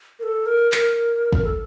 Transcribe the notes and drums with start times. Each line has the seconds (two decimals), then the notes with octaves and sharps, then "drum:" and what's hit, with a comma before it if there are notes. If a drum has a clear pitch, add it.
0.19 A#4
0.23 A4
0.46 A#4
0.72 A#4, drum: clap
1.33 drum: kick
1.44 A4